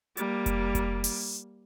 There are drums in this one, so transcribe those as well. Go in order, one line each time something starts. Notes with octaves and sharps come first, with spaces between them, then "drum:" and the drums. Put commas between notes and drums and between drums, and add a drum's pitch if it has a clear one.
G3 A#3, drum: hi-hat
drum: kick F1, hi-hat
drum: kick F1, hi-hat
drum: open hi-hat